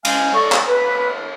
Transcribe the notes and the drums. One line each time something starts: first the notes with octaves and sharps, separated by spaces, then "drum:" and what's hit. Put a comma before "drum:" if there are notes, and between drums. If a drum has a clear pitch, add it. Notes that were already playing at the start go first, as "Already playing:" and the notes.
G#3 C#4 C5 F5 G#5, drum: cymbal
A4 D5 D#5 C#6
drum: clap
B4